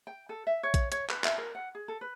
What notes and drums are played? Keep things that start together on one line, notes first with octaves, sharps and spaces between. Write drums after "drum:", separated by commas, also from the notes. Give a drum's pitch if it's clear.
G5
A4
E5
C#5
drum: kick A#1, hi-hat
C#5, drum: hi-hat
B4, drum: clap
E5, drum: clap
A#4
F#5
G#4
A4
B4